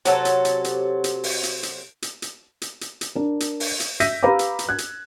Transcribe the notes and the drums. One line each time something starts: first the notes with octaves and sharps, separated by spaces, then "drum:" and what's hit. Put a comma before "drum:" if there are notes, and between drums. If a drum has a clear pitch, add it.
C3 F#3 A4, drum: hi-hat
drum: hi-hat
drum: hi-hat
drum: hi-hat
drum: hi-hat
drum: open hi-hat
drum: hi-hat
drum: hi-hat
drum: hi-hat
drum: hi-hat
drum: hi-hat
drum: hi-hat
drum: hi-hat
D4 A#4
drum: hi-hat
drum: open hi-hat
drum: hi-hat
E5 E6 G6 A#6 B6 D#7, drum: hi-hat
G4 B4 F5 A#5 B5 D6
drum: hi-hat
drum: hi-hat
F#6 G#6
drum: hi-hat